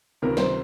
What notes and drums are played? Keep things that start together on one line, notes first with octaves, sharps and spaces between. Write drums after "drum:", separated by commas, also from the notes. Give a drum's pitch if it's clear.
C#2 C3 D#3 A#4
C5, drum: snare